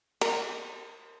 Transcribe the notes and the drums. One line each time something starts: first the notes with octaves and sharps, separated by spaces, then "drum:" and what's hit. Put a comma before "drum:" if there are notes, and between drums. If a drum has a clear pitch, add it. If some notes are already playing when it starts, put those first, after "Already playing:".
A#4, drum: cymbal